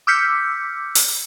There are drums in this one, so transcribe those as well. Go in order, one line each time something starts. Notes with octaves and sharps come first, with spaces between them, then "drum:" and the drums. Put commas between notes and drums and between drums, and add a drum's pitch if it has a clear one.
D6 E6 F6 G6 B6 C#7
drum: open hi-hat